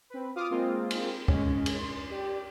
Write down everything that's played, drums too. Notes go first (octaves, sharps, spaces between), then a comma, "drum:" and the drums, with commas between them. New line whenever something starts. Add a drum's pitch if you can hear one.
C4 B4
F4 F5 D6 D#6 F6
G#3 A#3 C4 F4
drum: cymbal
G#3 C#4, drum: kick
drum: cymbal
C6
G4 D5